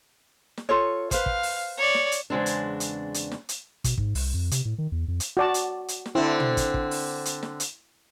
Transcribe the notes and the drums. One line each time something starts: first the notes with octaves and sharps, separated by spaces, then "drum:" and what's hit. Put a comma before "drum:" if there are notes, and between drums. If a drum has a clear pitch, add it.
drum: snare
F4 A4 C#5
B4 C5 F5, drum: kick, hi-hat
drum: kick
drum: open hi-hat
C#5 D5
drum: snare
drum: hi-hat
E2 C#3 G#3 C4 D4
drum: hi-hat
drum: hi-hat
drum: hi-hat
drum: snare
drum: hi-hat
B2, drum: kick, hi-hat
G#2, drum: kick
C2, drum: open hi-hat
F2
C3, drum: hi-hat
A2
D#3
E2
F2
drum: hi-hat
F#4 D5 A5
drum: hi-hat
drum: hi-hat
drum: snare
D3 C4 E4
drum: tom
drum: kick, hi-hat
drum: kick
drum: open hi-hat
drum: hi-hat
drum: snare
drum: hi-hat